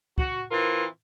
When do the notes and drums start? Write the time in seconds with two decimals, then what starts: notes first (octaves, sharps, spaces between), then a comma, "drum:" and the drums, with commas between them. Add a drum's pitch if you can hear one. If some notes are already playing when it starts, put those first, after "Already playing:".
0.18 F#4, drum: kick
0.50 E3 C4 F4 A#4